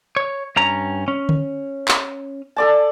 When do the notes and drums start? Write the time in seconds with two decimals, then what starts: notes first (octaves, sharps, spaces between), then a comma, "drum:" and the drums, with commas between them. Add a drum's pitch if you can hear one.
0.16 C#5
0.56 G2 C#4 A#5
1.08 C#4
1.29 drum: tom D3
1.88 drum: clap
2.56 A4 D5 A5